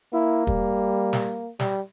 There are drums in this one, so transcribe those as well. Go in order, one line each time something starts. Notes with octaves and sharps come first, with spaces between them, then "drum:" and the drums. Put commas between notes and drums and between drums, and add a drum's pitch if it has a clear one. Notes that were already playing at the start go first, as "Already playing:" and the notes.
A#3 E4
G3, drum: kick
drum: snare
G3, drum: snare